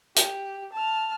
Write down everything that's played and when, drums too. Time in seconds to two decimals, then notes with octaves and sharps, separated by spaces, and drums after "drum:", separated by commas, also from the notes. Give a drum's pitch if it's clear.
0.16 G4, drum: hi-hat
0.73 A5 F6